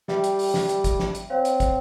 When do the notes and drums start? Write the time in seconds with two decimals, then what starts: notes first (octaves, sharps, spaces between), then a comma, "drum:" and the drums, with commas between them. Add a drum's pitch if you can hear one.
0.08 G3 E5 G5, drum: snare
0.24 drum: hi-hat
0.39 drum: open hi-hat
0.54 drum: snare
0.69 drum: hi-hat
0.84 drum: kick, hi-hat
1.00 drum: snare
1.15 drum: hi-hat
1.30 C4 C#5 F5
1.45 drum: hi-hat
1.60 drum: kick, hi-hat